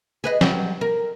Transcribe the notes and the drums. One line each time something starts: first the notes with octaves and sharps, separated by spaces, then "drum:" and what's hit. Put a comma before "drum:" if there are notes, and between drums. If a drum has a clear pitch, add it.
G#4 B4 D#5
F#3 G3, drum: snare
A#4